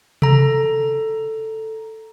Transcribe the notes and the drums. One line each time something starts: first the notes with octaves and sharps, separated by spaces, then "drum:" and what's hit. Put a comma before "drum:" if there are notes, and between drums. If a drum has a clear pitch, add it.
A4 A#5, drum: tom C3